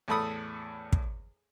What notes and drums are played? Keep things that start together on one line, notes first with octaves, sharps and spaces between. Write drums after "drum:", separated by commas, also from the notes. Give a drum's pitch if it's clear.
E2 A2 A4 B5 D#6
drum: kick